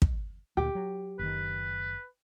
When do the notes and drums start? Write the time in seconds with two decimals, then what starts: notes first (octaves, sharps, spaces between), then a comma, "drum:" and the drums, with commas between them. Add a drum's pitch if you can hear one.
0.02 drum: kick
0.57 D2 A#2 G4
0.75 F#3
1.19 F#1 D#3 B4